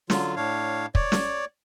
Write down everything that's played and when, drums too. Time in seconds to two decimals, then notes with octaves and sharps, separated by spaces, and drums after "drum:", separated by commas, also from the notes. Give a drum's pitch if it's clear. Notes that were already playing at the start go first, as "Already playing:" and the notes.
0.10 D3 F#3 F4, drum: snare
0.36 A2 D4 C#5 F5
0.95 C#5 D5, drum: kick
1.12 drum: snare